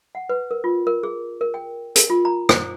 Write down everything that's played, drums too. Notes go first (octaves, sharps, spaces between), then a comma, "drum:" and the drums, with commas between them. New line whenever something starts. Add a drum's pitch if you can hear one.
F#5
B4
A#4
F4
A#4
G#4
A#4
G5
A#4, drum: hi-hat
F4
A#5
C5, drum: rim click